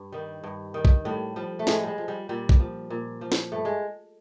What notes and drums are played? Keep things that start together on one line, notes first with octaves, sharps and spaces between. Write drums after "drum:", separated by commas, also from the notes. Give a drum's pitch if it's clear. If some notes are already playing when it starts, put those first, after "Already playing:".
Already playing: G2
D#3 G3
G2
D#3 G3
drum: kick A#1
A2 G3
F3 G3
A3
A2 G#3, drum: snare
G3 G#3
F3
G3
A#2 G3
drum: kick A#1
F3
A#2
F3
drum: snare
G2 A3
G#3